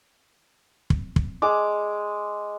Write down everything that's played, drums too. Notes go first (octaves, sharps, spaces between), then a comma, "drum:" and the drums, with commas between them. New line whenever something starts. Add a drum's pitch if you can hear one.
drum: kick
drum: kick
G#3 D6